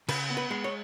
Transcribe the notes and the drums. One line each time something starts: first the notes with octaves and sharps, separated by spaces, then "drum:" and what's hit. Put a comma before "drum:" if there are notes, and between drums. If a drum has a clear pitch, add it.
C#3 B4, drum: cymbal
B3
B4
G#3
C#5